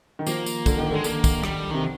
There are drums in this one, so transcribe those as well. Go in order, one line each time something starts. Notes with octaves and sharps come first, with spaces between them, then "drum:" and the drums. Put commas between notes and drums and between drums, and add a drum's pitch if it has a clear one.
D#3
F3 A#3, drum: tambourine
drum: tambourine
D3, drum: kick, tambourine
D#3
D3
G#3
D3 A#3, drum: tambourine
drum: kick, tambourine
G3, drum: rim click
C3 D#3